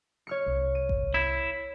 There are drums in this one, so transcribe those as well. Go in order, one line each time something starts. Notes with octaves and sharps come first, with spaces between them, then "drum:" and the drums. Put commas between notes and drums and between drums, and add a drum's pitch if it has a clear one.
C#5 F6 C#7
C2
D#7
drum: kick G#1
E4